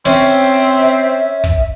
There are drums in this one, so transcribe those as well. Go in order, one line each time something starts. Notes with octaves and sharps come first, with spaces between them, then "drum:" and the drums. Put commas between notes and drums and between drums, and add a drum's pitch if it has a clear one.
C4 C#4 E5
drum: hi-hat
drum: open hi-hat
drum: kick, hi-hat